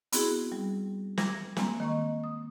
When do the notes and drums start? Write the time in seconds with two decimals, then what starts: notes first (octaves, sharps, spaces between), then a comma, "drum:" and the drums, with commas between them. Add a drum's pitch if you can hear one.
0.12 B3 C4 E4 F#4 G#4, drum: hi-hat
0.52 G3
1.18 D6 G#6 A#6, drum: snare
1.56 G#3 A#3 C4, drum: snare
1.80 D#3 A#3 D#5 C#6
2.24 D#6